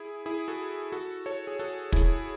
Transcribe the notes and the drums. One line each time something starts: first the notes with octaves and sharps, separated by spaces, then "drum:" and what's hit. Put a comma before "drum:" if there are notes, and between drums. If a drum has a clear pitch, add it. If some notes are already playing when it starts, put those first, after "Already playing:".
Already playing: E4 G#4
E4 G#4
F#4 A4
F#4 A4
A4 C#5
G#4
F#4 A4
E4 G#4, drum: kick